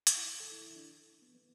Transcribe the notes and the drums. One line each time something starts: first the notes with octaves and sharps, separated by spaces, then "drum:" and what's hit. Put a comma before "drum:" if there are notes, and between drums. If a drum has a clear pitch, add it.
drum: hi-hat
E4
A4
E4
E4
D4
B3
B3